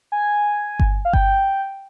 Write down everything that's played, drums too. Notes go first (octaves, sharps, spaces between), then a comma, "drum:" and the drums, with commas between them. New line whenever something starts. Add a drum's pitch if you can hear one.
G#5
drum: kick G1
F5
G5, drum: kick G1